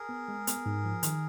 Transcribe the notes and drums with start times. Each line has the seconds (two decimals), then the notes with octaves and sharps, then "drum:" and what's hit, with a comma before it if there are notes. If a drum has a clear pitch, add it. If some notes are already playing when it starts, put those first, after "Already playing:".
Already playing: G#4 A#4
0.09 B3
0.28 G#3
0.47 B3, drum: hi-hat
0.66 G#2
0.85 F3
1.03 D#3, drum: hi-hat